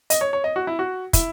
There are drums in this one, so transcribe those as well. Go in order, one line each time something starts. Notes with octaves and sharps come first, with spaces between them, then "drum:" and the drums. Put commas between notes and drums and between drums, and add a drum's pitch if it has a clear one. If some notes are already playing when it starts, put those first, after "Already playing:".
D#5, drum: hi-hat
C#5
C#5
D#5
F#4
E4
F#4
E4, drum: kick, hi-hat